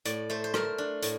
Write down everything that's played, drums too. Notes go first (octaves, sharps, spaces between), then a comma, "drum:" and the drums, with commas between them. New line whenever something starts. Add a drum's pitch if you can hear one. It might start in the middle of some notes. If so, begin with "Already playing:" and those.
A2 D5, drum: hi-hat
A3 C5
C5
A3 A#4, drum: rim click
D4
A2, drum: hi-hat